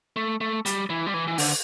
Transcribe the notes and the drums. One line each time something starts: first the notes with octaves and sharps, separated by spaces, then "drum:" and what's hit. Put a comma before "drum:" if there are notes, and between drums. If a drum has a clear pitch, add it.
A3
A3
G3, drum: hi-hat
E3
G3
E3
E3
D3, drum: open hi-hat